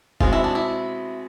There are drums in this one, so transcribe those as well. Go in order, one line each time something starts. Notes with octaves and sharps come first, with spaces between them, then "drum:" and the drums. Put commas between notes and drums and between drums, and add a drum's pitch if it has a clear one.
B2 G#3 C4 F4 G#4, drum: kick
E4
D4
E4